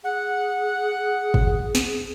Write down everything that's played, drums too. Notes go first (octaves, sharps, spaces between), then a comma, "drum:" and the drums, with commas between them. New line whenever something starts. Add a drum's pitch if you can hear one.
G#4 F#5
drum: kick
drum: snare